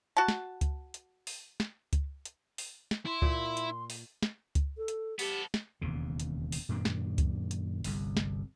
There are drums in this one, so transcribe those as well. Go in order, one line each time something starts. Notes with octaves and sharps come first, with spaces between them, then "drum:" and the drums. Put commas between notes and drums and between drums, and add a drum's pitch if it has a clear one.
F#4 A5
drum: snare
drum: kick C#2, hi-hat
drum: hi-hat
drum: open hi-hat
drum: snare
drum: kick C#2, hi-hat
drum: hi-hat
drum: open hi-hat
drum: snare
E4 C6
A#2, drum: kick C#2
drum: hi-hat
drum: open hi-hat
drum: snare
drum: kick C#2, hi-hat
A4
drum: hi-hat
B3 G4 A4, drum: open hi-hat
drum: snare
E1 D#2 C#3
drum: hi-hat
drum: open hi-hat
F#2 A#2 D#3 D4
drum: snare
drum: kick C#2, hi-hat
drum: hi-hat
G1 C2, drum: open hi-hat
drum: snare